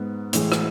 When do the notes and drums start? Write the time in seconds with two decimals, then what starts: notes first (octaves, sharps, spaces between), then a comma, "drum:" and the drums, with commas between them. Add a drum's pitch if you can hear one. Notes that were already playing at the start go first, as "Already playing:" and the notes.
Already playing: G#2 G#3 B3
0.33 A2 E3 G#3, drum: hi-hat
0.52 drum: rim click